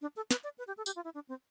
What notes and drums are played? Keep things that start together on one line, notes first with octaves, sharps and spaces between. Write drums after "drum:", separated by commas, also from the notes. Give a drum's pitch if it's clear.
D4
A4
B4, drum: snare
D5
B4
G4
A4
G4, drum: tambourine
F4
E4
D4
C4